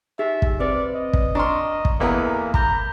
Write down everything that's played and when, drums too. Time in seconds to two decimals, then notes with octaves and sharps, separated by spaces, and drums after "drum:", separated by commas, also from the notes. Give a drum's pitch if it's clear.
0.19 D#4 G4 G#4 E5
0.42 drum: kick
0.60 C4 B4 C5 D5
0.95 D#5
1.13 drum: kick
1.35 D4 A#5 C6 C#6 F6
1.85 drum: kick
2.00 E2 E3 A#3 B3 A4 A#5
2.54 A#5 B5 D6 G6, drum: kick